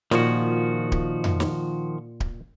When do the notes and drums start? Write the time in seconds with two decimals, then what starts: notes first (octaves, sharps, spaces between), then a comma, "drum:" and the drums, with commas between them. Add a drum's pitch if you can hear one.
0.11 A#2 D#3 F3 F#4, drum: snare
0.92 drum: kick D1
1.24 drum: tom F2
1.40 drum: snare
2.20 drum: kick D1